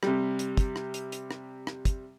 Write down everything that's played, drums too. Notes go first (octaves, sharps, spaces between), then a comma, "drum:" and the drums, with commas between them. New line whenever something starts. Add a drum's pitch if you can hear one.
C3 G3, drum: rim click
drum: hi-hat
drum: kick, hi-hat
drum: rim click
drum: hi-hat
drum: hi-hat
drum: rim click
drum: rim click
drum: kick, hi-hat